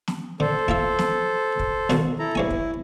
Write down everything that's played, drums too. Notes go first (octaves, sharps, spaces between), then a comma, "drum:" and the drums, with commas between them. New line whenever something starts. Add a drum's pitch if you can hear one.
drum: snare
D3 A4 C5
E4 F4 E5, drum: kick
drum: snare
drum: kick
B1 D#3 F#4, drum: snare
E4 A4 A#5
G2 E4 C#5 G#5
drum: kick